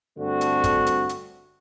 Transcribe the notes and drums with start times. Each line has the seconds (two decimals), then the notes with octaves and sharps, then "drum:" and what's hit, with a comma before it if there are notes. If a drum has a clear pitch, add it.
0.18 G2 D3 A3 C4 F#4
0.41 drum: hi-hat
0.64 drum: kick, hi-hat
0.87 drum: hi-hat
1.09 drum: hi-hat